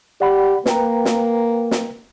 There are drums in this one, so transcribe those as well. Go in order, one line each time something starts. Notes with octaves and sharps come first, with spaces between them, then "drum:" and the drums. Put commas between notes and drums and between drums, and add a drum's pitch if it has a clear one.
G4 D5 F#5 B5
A#3 B4 G5 A#5, drum: snare
drum: snare
drum: snare